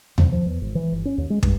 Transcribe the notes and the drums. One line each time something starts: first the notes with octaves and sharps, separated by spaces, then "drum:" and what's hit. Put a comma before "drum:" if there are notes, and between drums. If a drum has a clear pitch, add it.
F2, drum: tom D#2
F3
E2
G#1
E3
G1
C#4
D#2
G#3
G2, drum: kick